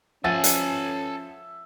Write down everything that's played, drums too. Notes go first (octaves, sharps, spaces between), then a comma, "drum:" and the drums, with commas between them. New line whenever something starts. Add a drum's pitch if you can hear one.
F3 C#4 A4 E5 F#5 G#5 A6
drum: hi-hat